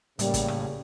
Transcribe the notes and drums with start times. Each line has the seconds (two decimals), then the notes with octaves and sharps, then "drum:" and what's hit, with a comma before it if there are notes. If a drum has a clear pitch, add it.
0.19 A2 C#3 G3 A#3, drum: hi-hat
0.34 drum: kick, hi-hat
0.48 drum: rim click